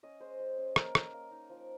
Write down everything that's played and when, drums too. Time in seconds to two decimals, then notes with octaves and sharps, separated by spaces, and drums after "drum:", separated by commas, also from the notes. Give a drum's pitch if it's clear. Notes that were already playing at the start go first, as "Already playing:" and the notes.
0.03 C#4 D#5
0.20 G#3 C5
0.40 G#3
0.58 C#4
0.76 A#3 A#4, drum: rim click
0.95 A#3, drum: rim click
1.13 A#3
1.31 D#4
1.50 F3